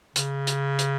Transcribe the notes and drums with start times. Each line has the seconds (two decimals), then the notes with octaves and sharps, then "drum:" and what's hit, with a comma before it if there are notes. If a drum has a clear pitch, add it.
0.16 C#3, drum: hi-hat
0.47 drum: hi-hat
0.79 drum: hi-hat